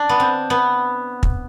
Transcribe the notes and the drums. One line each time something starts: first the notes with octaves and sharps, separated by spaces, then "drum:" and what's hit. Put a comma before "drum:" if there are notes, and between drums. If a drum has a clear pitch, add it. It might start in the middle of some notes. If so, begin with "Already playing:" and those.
Already playing: D4
B3
C4
B3
drum: kick